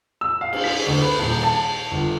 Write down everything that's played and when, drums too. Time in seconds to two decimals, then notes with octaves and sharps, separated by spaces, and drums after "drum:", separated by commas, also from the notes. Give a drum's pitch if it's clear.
0.21 E6
0.41 F5
0.53 drum: cymbal
0.64 B6
0.87 D2
1.02 B4
1.20 D#1
1.43 A5
1.91 G1